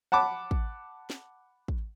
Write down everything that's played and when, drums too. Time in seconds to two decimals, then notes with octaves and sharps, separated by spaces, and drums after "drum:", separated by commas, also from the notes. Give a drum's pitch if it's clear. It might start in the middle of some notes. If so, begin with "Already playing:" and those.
0.12 F#5 A5 B5 D6
0.51 drum: kick
1.10 drum: snare
1.68 drum: kick